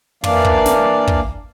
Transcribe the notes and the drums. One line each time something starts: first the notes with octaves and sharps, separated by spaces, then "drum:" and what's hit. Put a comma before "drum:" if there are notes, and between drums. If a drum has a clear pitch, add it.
E3 A#3 D4 D5 F5, drum: tom
drum: kick
drum: snare
drum: kick